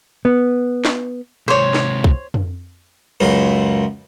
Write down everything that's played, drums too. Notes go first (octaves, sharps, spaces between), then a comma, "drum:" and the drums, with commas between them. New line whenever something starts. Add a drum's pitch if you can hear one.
B3
drum: snare
G#2 C3 C5 C#5
drum: snare
drum: kick
drum: tom F2
C#2 F#2 F4